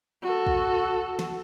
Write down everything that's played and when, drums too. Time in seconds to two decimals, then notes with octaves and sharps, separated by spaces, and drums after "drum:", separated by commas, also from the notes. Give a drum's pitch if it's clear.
0.22 F#4 A4
0.47 drum: kick
1.19 drum: snare